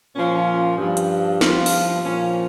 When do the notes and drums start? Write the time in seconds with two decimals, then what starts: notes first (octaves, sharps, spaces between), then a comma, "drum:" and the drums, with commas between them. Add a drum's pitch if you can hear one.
0.16 A#2 F3 C#4
0.78 G2 F3
0.97 drum: hi-hat
1.41 G2 F3 F4, drum: snare
1.66 drum: open hi-hat
2.03 A#2 F3 C#4